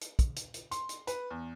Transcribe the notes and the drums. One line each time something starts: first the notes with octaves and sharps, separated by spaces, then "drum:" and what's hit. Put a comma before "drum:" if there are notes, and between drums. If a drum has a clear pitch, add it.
drum: hi-hat
drum: kick, hi-hat
drum: hi-hat
drum: hi-hat
C6, drum: hi-hat
drum: hi-hat
B4, drum: hi-hat
E2